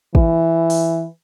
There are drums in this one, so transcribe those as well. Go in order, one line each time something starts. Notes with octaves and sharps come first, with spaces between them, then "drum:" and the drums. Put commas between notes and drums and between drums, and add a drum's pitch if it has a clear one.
E3, drum: kick
drum: open hi-hat